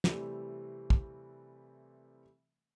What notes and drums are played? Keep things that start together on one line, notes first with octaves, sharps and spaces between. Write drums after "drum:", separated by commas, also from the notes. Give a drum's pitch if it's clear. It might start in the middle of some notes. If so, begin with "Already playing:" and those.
C3 E3 G3 A3 C4, drum: snare
drum: kick